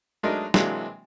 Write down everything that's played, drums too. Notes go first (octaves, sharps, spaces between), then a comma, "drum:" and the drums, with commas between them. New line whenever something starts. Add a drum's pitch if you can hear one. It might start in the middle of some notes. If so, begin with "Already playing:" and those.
F#3 G#3 A3 D4 D#4 A#4
C3 E3 F#3 G#3 A#3 D4, drum: snare